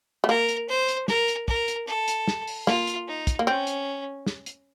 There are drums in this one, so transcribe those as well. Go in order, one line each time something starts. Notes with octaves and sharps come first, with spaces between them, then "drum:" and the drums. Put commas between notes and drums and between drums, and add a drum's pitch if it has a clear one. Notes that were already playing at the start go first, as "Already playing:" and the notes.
A3
A#3 A#4
drum: hi-hat
C5
drum: hi-hat
A#4, drum: snare
drum: hi-hat
A#4, drum: kick
drum: hi-hat
A4
drum: hi-hat
drum: snare
drum: open hi-hat
A#3 F4, drum: snare
drum: hi-hat
D#4
drum: kick, hi-hat
A#3
C4 C#4
drum: hi-hat
drum: snare
drum: hi-hat